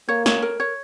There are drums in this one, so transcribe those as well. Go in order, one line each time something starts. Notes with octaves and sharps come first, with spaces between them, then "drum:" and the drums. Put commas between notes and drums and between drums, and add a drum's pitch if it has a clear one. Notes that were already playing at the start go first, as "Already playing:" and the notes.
A#3 C#5
C#5, drum: snare
A#4
C#5